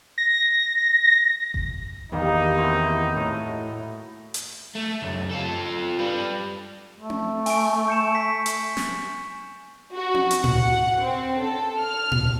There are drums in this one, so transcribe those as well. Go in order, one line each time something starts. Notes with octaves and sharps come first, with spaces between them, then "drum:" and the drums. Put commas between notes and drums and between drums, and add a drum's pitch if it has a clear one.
A#6
drum: kick G1
E2 D#3 G3 A#3 D#4
C4 E4 F#4
A2 C#5 A5
drum: hi-hat
A3
C#2 F#2
F4 A4
G3 B4
A3
drum: tom C4
G#5 C#6 D7, drum: open hi-hat
G6 C#7 E7
B6
drum: hi-hat
drum: snare
F#4
drum: tom C4
drum: hi-hat
F#5, drum: tom A2
C4
A4
F6
drum: tom A2